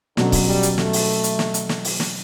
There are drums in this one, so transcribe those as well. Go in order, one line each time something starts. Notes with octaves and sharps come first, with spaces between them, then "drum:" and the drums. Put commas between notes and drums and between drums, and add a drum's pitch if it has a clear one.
B2 D3 F#3 C#4, drum: snare
drum: kick C#1, open hi-hat
G3
drum: hi-hat
A3, drum: snare
drum: open hi-hat
drum: hi-hat
drum: snare
drum: hi-hat
drum: snare
drum: open hi-hat
drum: snare